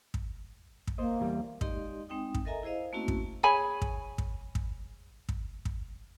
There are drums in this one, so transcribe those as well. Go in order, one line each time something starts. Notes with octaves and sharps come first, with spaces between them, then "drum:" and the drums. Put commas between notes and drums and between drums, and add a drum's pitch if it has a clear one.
drum: kick
drum: kick
A#3 C5 D#5
E2 G3
G#3 D#4 G4 D5 D#5 C6, drum: kick
G#3 C4 D#4 G5 D#6
drum: kick
A4 A#4 D#5 E5 G#5 A#5
E4 G#4 C5 D#5 F5
A3 A#3 C4 C#4 E4 F#4
drum: kick
G#4 C#5 G#5 B5
drum: kick
drum: kick
drum: kick
drum: kick
drum: kick